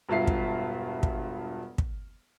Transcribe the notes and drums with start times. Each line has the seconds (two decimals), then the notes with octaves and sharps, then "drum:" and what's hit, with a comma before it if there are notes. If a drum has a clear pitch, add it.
0.09 E1 G2 F4 E5 C7
0.27 drum: kick
1.03 drum: kick
1.78 drum: kick